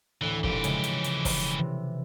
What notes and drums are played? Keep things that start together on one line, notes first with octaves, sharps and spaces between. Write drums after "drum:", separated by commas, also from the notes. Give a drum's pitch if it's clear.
D2 A2 E3 F#5
C2 A#2 E3 F3 G4, drum: kick
C#3 G#3, drum: hi-hat
drum: hi-hat
drum: hi-hat
drum: kick, open hi-hat
C3 E3